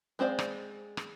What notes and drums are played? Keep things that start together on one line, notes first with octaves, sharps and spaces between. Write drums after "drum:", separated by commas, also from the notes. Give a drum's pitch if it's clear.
G#3 C4 C5 D5 F5
drum: rim click
drum: rim click